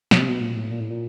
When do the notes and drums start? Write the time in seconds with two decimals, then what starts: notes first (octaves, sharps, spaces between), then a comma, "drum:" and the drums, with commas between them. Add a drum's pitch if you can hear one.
0.11 B2, drum: snare
0.20 C3
0.29 B2
0.41 A#2
0.56 A2
0.71 A#2
0.80 A2
0.90 A#2